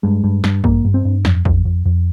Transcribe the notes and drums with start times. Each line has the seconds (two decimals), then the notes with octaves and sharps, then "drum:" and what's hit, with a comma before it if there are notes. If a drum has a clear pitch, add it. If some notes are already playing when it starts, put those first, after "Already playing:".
0.03 G2 G#3
0.24 G2
0.44 G2, drum: snare
0.64 G2 A#3, drum: kick
0.85 G2
0.94 C4
1.05 G2
1.25 F2, drum: snare
1.45 F2, drum: kick
1.65 F2
1.85 F2